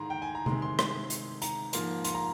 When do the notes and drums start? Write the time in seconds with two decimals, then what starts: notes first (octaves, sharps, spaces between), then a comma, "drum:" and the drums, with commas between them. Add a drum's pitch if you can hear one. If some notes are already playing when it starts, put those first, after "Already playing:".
Already playing: G#2 D#3 G#3 A#5 C6
0.10 G5
0.22 G#5
0.35 A#5
0.46 C3 D#3 G#3 C6, drum: tom C3
0.62 C6
0.79 C6, drum: rim click
1.10 drum: hi-hat
1.42 A#5, drum: hi-hat
1.73 G#2 F3 A#3 C6, drum: hi-hat
2.04 C6, drum: hi-hat
2.15 A#5